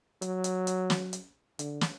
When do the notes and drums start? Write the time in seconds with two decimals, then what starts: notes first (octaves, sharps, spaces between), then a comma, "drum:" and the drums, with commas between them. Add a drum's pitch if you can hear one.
0.22 F#3, drum: hi-hat
0.44 drum: hi-hat
0.67 drum: hi-hat
0.90 drum: snare
1.13 drum: hi-hat
1.59 D3, drum: hi-hat
1.81 drum: snare